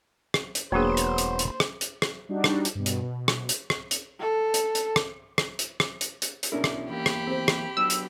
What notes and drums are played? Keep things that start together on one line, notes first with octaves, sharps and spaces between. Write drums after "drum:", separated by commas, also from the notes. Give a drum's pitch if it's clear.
drum: rim click
drum: hi-hat
E1 F#3 A#3 B3 D4 G#4 C5
drum: hi-hat
drum: hi-hat
drum: hi-hat
drum: rim click
drum: hi-hat
drum: rim click
G3 D4 D#4 F#4
drum: rim click
drum: hi-hat
G2 B2
drum: hi-hat
B2
drum: rim click
drum: hi-hat
drum: rim click
drum: hi-hat
A4
drum: hi-hat
drum: hi-hat
drum: rim click
drum: rim click
drum: hi-hat
drum: rim click
drum: hi-hat
drum: hi-hat
drum: hi-hat
B2 C#4 D4 E4 A#4
drum: rim click
E2 A#3 G4 B5
drum: rim click
C4 C5
drum: rim click
F#3 B3 D4 E6
drum: hi-hat